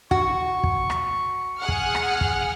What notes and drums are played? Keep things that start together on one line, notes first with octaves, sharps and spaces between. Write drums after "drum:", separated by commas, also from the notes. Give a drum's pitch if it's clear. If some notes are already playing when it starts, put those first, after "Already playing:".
F#4 C#6, drum: kick
drum: kick
drum: rim click
G#4 F#5 F6
drum: kick
drum: rim click
drum: kick